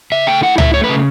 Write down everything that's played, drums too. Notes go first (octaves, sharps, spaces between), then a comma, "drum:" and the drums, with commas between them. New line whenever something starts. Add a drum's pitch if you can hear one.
C#3 E5
A3 G5
E4 F#5
A3 E5, drum: tom C#2
A3 C#5
B4
C#3